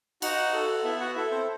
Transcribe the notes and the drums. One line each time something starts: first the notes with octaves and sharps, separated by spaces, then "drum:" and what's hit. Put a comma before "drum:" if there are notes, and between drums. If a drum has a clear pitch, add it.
D#4 F#4 F#5, drum: cymbal
A4
B3 E4 E5
F#4 F#5
E4 A4 E5
C4 C5